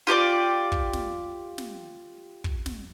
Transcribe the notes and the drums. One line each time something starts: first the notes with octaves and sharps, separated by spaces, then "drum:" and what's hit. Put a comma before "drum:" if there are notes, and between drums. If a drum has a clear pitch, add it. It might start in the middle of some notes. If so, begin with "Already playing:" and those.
F4 G4 C#5 D5
drum: kick
drum: snare
drum: snare
drum: kick
drum: snare